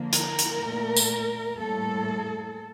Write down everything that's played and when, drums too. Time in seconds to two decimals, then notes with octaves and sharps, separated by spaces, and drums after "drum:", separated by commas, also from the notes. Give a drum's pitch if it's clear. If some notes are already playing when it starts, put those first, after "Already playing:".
Already playing: D3 F3 A#3
0.13 A#4, drum: hi-hat
0.39 drum: hi-hat
0.61 A#2 A3
0.97 drum: tambourine
1.58 A2 G3 A#3 A4